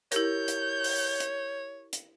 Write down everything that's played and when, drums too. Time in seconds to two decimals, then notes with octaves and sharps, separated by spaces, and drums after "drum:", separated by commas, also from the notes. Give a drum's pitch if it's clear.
0.12 E4 G4 A#4 C#5 G6, drum: hi-hat
0.48 drum: hi-hat
0.84 drum: open hi-hat
1.20 drum: hi-hat
1.93 drum: hi-hat